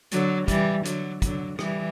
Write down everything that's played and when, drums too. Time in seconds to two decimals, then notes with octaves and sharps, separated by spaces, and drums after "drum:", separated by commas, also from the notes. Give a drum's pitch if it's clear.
0.11 D3 F#3, drum: hi-hat
0.48 E3 G3, drum: kick, hi-hat
0.85 D3 F#3, drum: hi-hat
1.22 D3 F#3, drum: kick, hi-hat
1.59 E3 G3, drum: rim click